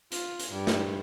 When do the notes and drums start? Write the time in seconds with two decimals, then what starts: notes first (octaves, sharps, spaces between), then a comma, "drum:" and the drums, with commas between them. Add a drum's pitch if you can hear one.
0.12 F4, drum: hi-hat
0.39 drum: hi-hat
0.51 G2
0.67 drum: snare